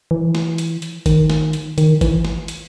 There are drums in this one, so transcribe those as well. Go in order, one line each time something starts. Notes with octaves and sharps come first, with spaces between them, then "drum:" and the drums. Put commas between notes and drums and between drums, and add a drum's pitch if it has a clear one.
E3
drum: snare
drum: hi-hat
drum: hi-hat
D#3, drum: kick G#1, hi-hat
drum: snare
drum: hi-hat
D#3, drum: hi-hat
E3, drum: kick G#1, hi-hat
drum: snare
drum: hi-hat